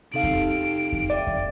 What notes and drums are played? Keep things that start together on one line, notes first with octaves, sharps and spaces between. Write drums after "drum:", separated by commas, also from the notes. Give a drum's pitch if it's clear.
C3 D#4 A4 F5 D7
drum: kick F2
drum: kick F2
D5 E5 G5
drum: kick F2